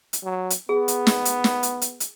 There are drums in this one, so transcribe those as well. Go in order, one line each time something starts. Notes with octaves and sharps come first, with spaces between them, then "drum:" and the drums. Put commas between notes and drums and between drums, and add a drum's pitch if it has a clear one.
drum: hi-hat
F#3
drum: hi-hat
B3 G#4
drum: hi-hat
drum: snare
drum: hi-hat
drum: snare
drum: hi-hat
drum: hi-hat
drum: hi-hat